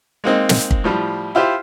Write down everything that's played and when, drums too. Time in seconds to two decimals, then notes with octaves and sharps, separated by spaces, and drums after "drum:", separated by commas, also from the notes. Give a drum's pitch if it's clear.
0.24 G#3 A#3 C4 D#4
0.49 drum: snare
0.71 drum: kick
0.84 A2 F3 G3
1.35 E4 F4 G4 C5